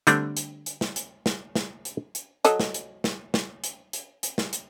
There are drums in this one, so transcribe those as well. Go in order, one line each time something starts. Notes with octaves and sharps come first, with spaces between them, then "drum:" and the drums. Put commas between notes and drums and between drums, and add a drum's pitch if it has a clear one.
D3 G3 A3 C4 D4, drum: hi-hat
drum: hi-hat
drum: hi-hat
drum: snare
drum: hi-hat
drum: snare
drum: snare
drum: hi-hat
drum: hi-hat
F#3 A4 D#5, drum: hi-hat
drum: snare
drum: hi-hat
drum: snare
drum: snare
drum: hi-hat
drum: hi-hat
drum: hi-hat
drum: snare
drum: hi-hat